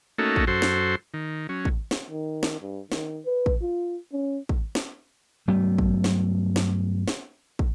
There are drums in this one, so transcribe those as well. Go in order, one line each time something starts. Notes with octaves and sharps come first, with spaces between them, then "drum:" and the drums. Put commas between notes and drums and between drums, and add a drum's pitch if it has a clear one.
A3 A#3 C#4 D#4 F#4 A4
drum: kick
F#2 F#4 A4 C5 C6
drum: snare
D#3
F#3 C#4
drum: kick
drum: snare
D#3
drum: snare
G2
D#3, drum: snare
B4
drum: kick
F4
C#4
drum: kick
drum: snare
G2 F#3 A3 B3
drum: kick
drum: snare
drum: snare
drum: snare
drum: kick